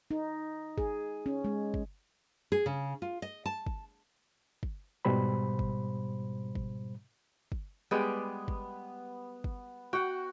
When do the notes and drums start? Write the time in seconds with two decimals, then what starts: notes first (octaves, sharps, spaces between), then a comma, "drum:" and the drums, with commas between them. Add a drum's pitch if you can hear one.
0.11 D#4
0.78 G#4, drum: kick
1.26 C#4
1.45 G#3
1.74 drum: kick
2.52 G#4
2.66 C#3
3.02 F4
3.22 D#5
3.46 A5
3.67 drum: kick
4.63 drum: kick
5.05 G#2 B2 G3 C5 B5
5.59 drum: kick
6.55 drum: kick
7.52 drum: kick
7.91 G3 G#3 B3 G4
8.48 drum: kick
9.44 drum: kick
9.93 F#4 F#5 G5